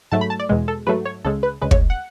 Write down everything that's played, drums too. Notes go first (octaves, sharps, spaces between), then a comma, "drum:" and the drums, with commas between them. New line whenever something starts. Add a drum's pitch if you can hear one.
G#2 F#3 A3 A5
B5
A5
D5
E2 B2 G#3
A4
G#2 F#3 A3 B4
C#5
C#2 C#3 G#3 A4
B4
D2 C#3 G#3 B4
C#5, drum: kick
F#5